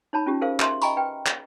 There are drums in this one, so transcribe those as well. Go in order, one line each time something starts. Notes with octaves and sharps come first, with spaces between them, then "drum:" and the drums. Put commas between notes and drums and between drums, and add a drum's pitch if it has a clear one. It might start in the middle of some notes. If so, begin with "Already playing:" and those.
D#4 C#5 A5 B5
C#4 F4 G4
G#4 A#4 C5 F5
G4 E5 C6, drum: clap
D#5 G5 G#5 A#5 B5 C#6, drum: tambourine
B4 G5
drum: clap